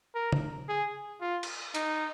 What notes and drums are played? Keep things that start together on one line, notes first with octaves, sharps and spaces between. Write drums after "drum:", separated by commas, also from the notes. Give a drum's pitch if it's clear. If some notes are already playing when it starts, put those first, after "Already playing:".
A#4
drum: tom
G#4
F4
drum: cymbal
D#4, drum: hi-hat